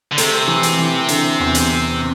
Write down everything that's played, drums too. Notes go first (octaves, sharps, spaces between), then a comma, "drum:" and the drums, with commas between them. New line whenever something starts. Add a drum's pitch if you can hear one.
D3
C3 A3, drum: hi-hat
E3
drum: hi-hat
E3
D3, drum: hi-hat
E2
drum: hi-hat
C4